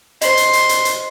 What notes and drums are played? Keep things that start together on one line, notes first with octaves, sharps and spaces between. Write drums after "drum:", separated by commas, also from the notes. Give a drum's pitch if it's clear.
C5 D#5 C6, drum: hi-hat
drum: hi-hat
drum: hi-hat
drum: hi-hat
drum: hi-hat